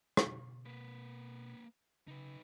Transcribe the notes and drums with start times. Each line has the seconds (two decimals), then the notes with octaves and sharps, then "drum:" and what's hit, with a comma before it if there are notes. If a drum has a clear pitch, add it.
0.17 B2, drum: rim click
0.65 A#3 B4
2.08 C#3 D#4 B4